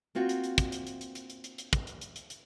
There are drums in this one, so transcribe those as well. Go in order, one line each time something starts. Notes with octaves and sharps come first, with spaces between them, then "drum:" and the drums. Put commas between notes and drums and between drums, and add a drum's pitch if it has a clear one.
A#3 C4 F4 F#4
drum: hi-hat
drum: hi-hat
drum: kick, hi-hat
drum: hi-hat
drum: hi-hat
drum: hi-hat
drum: hi-hat
drum: hi-hat
drum: hi-hat
drum: hi-hat
drum: kick, hi-hat
drum: hi-hat
drum: hi-hat
drum: hi-hat
drum: hi-hat